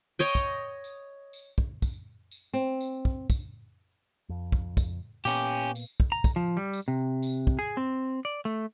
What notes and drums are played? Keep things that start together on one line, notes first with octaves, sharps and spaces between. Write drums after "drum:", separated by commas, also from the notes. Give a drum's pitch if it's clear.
C#5 D#5 G5
drum: kick, tambourine
drum: tambourine
drum: tambourine
drum: kick
drum: kick, tambourine
drum: tambourine
C4
drum: tambourine
drum: kick
drum: kick, tambourine
F2
drum: kick
drum: kick, tambourine
A#2 A#3 B3 C#4 G4, drum: tambourine
drum: tambourine
drum: kick
A#5
drum: kick, tambourine
F3
G3
drum: tambourine
C3
drum: tambourine
drum: kick
G#4
C4
D5
A3